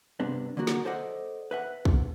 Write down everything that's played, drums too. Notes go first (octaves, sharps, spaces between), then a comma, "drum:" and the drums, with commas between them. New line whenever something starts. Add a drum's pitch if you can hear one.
G2 C3 B3 D4
D3 F#3 A#3 F#4
drum: snare
A4 C5 D5 D#5 F#5
B4 E5 F#5
drum: kick